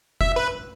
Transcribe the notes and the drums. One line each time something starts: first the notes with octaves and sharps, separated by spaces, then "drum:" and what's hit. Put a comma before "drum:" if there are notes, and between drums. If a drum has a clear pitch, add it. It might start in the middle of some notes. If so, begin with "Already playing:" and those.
E5, drum: kick F1
B4